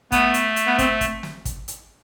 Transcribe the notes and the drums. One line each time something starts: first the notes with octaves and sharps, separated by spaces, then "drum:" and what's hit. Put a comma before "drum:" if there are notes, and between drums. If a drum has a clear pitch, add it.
A3 B3, drum: kick, hi-hat
drum: hi-hat
drum: hi-hat
B3
C4, drum: kick, hi-hat
drum: kick, hi-hat
drum: snare
drum: kick, hi-hat
drum: hi-hat